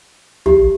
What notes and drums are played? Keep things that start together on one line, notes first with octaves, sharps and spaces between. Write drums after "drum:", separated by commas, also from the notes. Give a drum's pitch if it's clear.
G4, drum: tom